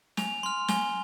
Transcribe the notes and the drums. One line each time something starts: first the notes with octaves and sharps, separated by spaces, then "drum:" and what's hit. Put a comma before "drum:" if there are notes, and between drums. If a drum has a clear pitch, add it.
G#5 F7, drum: snare
C6 F6
G#5 G7, drum: snare